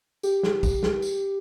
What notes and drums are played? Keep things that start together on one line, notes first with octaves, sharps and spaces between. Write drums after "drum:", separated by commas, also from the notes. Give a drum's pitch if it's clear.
G4, drum: tambourine
drum: snare
drum: kick, tambourine
drum: snare
drum: tambourine